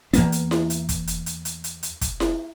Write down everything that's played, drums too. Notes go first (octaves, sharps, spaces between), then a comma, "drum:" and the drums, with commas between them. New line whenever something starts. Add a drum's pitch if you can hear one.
E2 A#3 B3, drum: hi-hat
drum: hi-hat
drum: snare E4
drum: hi-hat
drum: kick, hi-hat
drum: hi-hat
drum: hi-hat
drum: hi-hat
drum: hi-hat
drum: hi-hat
drum: kick, hi-hat
drum: snare E4